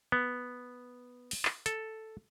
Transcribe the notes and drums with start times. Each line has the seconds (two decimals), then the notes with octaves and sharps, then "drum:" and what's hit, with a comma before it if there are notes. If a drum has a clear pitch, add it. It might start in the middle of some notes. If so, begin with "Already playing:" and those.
0.12 B3
1.31 drum: open hi-hat
1.45 drum: clap
1.66 A4, drum: hi-hat